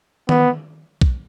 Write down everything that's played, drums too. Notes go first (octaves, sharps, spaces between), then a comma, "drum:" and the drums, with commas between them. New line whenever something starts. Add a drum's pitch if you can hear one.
B3, drum: tom D#3
drum: kick B1